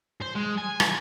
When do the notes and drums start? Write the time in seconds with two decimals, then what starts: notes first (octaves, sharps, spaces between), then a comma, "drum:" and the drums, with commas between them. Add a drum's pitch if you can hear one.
0.22 C5
0.36 G#3
0.58 G#5
0.80 drum: rim click